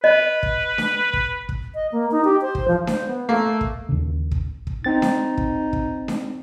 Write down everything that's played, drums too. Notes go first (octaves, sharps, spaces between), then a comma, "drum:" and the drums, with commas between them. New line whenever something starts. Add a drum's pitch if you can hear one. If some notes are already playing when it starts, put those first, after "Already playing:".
B4 D#5
drum: kick
drum: snare D4
drum: kick
drum: kick
D#5
A#3
D#4
G4
C5
drum: kick
F3
C5, drum: snare D4
B3
A3 A#3
drum: kick
D#2 C#3
drum: kick
drum: kick
C4 D#4 A6
drum: snare D4
drum: kick
drum: kick
drum: snare D4